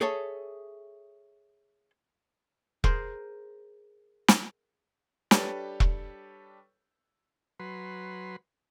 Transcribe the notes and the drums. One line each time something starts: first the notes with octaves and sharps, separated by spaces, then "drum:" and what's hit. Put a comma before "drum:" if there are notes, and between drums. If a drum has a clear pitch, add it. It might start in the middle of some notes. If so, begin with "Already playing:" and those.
G#4 A4 C#5 E5 A5
G#4 A#4 C5, drum: kick E1
drum: snare
G3 D4 G4 A4 B4 C#5, drum: snare
drum: kick E1
F#3 B4 C6